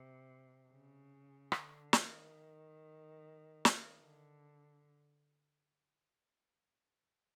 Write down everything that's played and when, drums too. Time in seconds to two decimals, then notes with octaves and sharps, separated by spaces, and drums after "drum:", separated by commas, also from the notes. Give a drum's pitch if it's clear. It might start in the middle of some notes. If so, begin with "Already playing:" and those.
Already playing: C3
0.69 C#3
1.52 D3, drum: rim click
1.93 D#3, drum: snare
3.65 drum: snare
4.00 D3